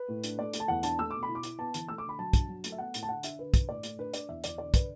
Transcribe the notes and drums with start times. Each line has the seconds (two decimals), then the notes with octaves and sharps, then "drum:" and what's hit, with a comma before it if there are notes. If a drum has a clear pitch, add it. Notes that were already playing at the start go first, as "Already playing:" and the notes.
Already playing: B4
0.08 A2
0.24 D4, drum: hi-hat
0.39 A3 D5
0.53 A3, drum: hi-hat
0.60 A5
0.68 E2 F#5
0.83 D4 A5, drum: hi-hat
0.99 A3 E6
1.11 B2 D6
1.23 B5
1.28 E4
1.35 D6
1.43 E4, drum: hi-hat
1.59 B3 A5
1.74 E3, drum: hi-hat
1.88 A3 E6
1.98 D6
2.04 D3
2.09 B5
2.19 F#3 A5
2.33 D4, drum: kick, hi-hat
2.48 F#3
2.64 A3, drum: hi-hat
2.72 E5
2.78 B3 F#5
2.94 A2, drum: hi-hat
3.03 A5
3.08 D3 F#5
3.23 D4 E5, drum: hi-hat
3.39 D3 B4
3.54 D4, drum: kick, hi-hat
3.69 A2 D5
3.83 A3, drum: hi-hat
3.99 D4 B4
4.14 D4 D5, drum: hi-hat
4.29 E2 E5
4.44 E2 D5, drum: hi-hat
4.58 D3 D5
4.74 D3 B4, drum: kick, hi-hat